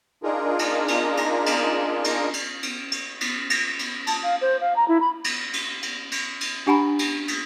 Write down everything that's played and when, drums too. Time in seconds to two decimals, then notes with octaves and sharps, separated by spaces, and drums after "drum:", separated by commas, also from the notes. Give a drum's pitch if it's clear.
0.23 D4 D#4 F4 G#4 A#4
0.59 drum: cymbal
0.88 drum: cymbal
1.17 drum: cymbal
1.46 drum: cymbal
2.04 drum: cymbal
2.34 drum: cymbal
2.63 drum: cymbal
2.92 drum: cymbal
3.21 drum: cymbal
3.50 drum: cymbal
3.79 drum: cymbal
4.07 A5, drum: cymbal
4.23 F5
4.41 C5
4.60 F5
4.76 A#5
4.88 E4
5.00 B5
5.24 drum: cymbal
5.53 drum: cymbal
5.83 drum: cymbal
6.12 drum: cymbal
6.41 drum: cymbal
6.67 D4 G4 F#5 G#5 A#5 B5
6.99 drum: cymbal
7.28 drum: cymbal